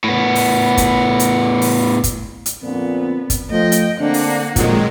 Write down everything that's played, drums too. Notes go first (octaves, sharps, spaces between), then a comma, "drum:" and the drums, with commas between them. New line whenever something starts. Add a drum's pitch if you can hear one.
A2 B3
drum: open hi-hat
drum: kick, hi-hat
drum: hi-hat
drum: open hi-hat
drum: kick, hi-hat
drum: hi-hat
F2 A#2 D3 B3 C4
drum: kick, hi-hat
F3 A3 D#5 G5
drum: hi-hat
D3 A#3 C4 D4 F#5
drum: open hi-hat
F2 A#2 D#3 F#3 G#3, drum: kick, hi-hat